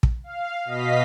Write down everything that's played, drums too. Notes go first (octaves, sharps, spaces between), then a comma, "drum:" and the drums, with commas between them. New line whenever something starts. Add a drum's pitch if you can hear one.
drum: kick
F5
B2 D#5 F5 B6